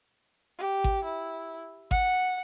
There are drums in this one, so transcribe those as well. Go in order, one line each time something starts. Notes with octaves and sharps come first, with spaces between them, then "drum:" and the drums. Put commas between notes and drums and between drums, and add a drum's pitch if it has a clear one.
G4
drum: kick G#1
E4
F#5, drum: kick G#1